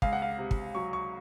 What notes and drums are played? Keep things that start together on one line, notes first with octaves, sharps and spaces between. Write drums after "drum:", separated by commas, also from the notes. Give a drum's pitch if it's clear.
C#2 F5, drum: kick
F#5
F5
C3
drum: kick
F#3 C#6
C#6